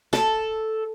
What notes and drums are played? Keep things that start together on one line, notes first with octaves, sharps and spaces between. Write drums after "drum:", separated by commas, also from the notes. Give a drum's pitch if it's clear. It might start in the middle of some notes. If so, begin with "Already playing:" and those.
A4, drum: snare